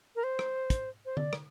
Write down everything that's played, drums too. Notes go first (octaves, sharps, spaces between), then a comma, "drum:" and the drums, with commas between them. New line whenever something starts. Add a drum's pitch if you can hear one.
A#4
C5
drum: rim click
drum: kick, hi-hat
C5
D5, drum: tom D3
drum: rim click